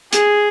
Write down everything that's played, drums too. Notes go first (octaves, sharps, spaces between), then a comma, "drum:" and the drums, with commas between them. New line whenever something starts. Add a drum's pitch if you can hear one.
G#4, drum: hi-hat